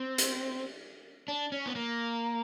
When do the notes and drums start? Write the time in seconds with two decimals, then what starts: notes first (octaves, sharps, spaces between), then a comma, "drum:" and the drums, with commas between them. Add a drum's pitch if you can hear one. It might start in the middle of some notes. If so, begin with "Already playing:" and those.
Already playing: C4
0.18 drum: hi-hat
1.28 D4
1.52 C#4
1.66 B3
1.76 A#3